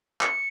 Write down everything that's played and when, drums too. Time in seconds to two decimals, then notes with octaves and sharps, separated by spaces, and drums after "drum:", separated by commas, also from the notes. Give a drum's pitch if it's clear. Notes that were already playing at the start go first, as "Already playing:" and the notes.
0.21 C#7, drum: clap